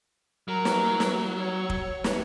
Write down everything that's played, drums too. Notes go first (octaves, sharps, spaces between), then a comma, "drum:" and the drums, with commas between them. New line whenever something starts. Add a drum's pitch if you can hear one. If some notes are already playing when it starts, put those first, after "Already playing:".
F#3 A#4
drum: snare
drum: snare
C#5
drum: kick
drum: snare